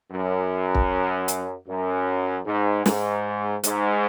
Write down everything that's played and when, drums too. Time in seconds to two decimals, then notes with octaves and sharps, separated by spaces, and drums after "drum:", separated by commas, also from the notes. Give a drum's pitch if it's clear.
0.12 F#2
0.75 drum: kick
1.28 drum: hi-hat
1.68 F#2
2.46 G#2
2.86 G#2, drum: snare
3.63 G#2, drum: hi-hat